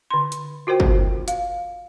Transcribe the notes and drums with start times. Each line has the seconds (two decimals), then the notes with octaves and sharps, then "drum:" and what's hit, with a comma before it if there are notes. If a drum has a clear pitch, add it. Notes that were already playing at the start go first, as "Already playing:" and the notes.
0.10 D3 C6
0.32 drum: hi-hat
0.67 F4 F#4 A#4 C5 G5
0.80 drum: kick
1.28 F5, drum: hi-hat